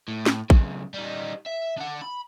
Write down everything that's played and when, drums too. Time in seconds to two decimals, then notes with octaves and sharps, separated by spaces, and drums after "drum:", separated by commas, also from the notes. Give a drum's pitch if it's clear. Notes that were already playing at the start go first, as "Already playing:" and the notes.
0.08 A2
0.26 drum: snare
0.50 B1 C#3, drum: kick A1
0.94 G3 D#4
1.46 E5
1.77 D4 F#5
2.02 B5